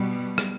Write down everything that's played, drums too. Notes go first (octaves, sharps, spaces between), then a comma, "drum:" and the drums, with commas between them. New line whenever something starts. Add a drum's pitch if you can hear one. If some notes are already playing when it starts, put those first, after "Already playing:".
Already playing: B2 G3
drum: rim click